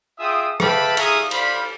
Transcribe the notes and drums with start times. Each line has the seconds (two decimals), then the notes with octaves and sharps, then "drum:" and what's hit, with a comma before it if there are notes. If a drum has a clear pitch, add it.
0.19 F4 G#4 E5 G5 D#6
0.60 B4 E5 F5 G5 A5 B5, drum: rim click
0.97 G#4 E5 F5 A#5 C#6 D#6, drum: cymbal
1.31 C5 D5 F5 B5, drum: cymbal